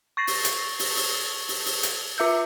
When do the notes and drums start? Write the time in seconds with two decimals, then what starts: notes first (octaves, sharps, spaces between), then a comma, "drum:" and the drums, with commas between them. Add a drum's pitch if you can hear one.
0.17 C#6 A6 A#6 C7
0.27 drum: open hi-hat
0.45 drum: hi-hat
0.79 drum: open hi-hat
0.97 drum: open hi-hat
1.49 drum: open hi-hat
1.66 drum: open hi-hat
1.83 drum: hi-hat
2.18 F4 E5 E6 G6